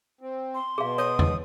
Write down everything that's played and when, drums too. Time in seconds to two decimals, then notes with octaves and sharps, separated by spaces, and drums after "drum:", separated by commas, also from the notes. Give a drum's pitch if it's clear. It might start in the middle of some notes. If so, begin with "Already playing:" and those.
0.21 C4
0.55 C6
0.78 B2 G#4 F5
0.98 C#5 D#6
1.19 drum: tom E2